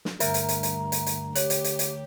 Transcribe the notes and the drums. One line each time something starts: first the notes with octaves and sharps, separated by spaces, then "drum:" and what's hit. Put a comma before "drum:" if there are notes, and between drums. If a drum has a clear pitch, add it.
drum: snare
D2 G2 A#4 E5 A#5, drum: hi-hat
drum: hi-hat
drum: hi-hat
drum: hi-hat
drum: hi-hat
drum: hi-hat
G4 C#5, drum: hi-hat
drum: hi-hat
drum: hi-hat
drum: hi-hat